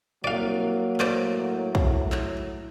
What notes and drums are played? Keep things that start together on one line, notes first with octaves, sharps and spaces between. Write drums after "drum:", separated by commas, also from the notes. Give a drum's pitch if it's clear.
C2 F#3 A#3 D5 F5
A2 C5 D5, drum: clap
drum: kick
drum: clap